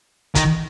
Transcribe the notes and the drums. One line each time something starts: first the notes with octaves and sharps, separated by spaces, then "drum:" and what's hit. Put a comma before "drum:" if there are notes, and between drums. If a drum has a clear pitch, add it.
D#3, drum: kick, hi-hat